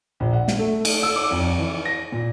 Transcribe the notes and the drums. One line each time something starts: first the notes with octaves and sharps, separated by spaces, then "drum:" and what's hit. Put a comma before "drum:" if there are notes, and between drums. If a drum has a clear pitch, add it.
A#1
F#5
drum: snare
A3
drum: cymbal
E6
D6
F2
E3
A#6
A#2